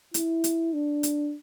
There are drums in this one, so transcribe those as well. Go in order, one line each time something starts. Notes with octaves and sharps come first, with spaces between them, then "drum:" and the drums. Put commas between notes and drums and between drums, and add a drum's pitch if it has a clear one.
E4, drum: hi-hat
drum: hi-hat
D4
drum: hi-hat